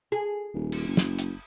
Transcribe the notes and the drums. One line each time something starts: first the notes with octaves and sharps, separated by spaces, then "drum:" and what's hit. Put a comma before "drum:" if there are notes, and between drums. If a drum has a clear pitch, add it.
G#4
D#1
drum: cymbal
F#1
drum: snare
drum: hi-hat